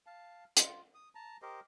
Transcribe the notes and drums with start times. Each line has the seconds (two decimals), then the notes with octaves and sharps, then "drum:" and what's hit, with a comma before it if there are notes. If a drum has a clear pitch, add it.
0.06 F5 A5
0.57 F4, drum: hi-hat
0.94 D#6
1.15 A5 A#5
1.42 G4 A#4 C5 D#5